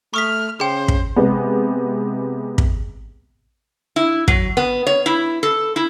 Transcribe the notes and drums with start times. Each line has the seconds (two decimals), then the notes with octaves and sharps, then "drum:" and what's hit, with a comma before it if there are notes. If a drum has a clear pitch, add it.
0.14 A3 C#6 D#6 F6 B6
0.60 C#3 G#4 C5 G5
0.88 drum: kick
1.16 C3 G#3 B3
2.58 drum: kick
3.96 E4
4.28 F#3, drum: kick
4.57 B3
4.87 C#5
5.06 E4
5.43 A4
5.76 E4